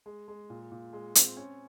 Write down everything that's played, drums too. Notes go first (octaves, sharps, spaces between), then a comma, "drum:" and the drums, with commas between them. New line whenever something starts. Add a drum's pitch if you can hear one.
G#3
G#3
A#2
A#2
G#3
C4, drum: hi-hat
C#4